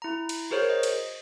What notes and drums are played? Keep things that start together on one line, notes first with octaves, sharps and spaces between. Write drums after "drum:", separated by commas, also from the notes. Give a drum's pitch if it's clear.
E4 A#5
drum: cymbal
F#4 G#4 A#4 C5 C#5
D#5
drum: cymbal